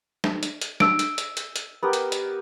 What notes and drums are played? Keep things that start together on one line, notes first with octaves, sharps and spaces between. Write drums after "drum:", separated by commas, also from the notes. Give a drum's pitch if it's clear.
drum: snare
drum: hi-hat
drum: hi-hat
E6 D7, drum: snare
drum: hi-hat
drum: hi-hat
drum: hi-hat
drum: hi-hat
B3 G4 A#4
drum: hi-hat
drum: hi-hat